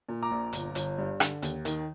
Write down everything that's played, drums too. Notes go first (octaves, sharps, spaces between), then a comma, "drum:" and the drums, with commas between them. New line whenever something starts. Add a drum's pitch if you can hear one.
A#2
A#5 D6
A#1
G1, drum: hi-hat
G1, drum: hi-hat
G2
D3, drum: rim click
D#2, drum: hi-hat
D#3, drum: hi-hat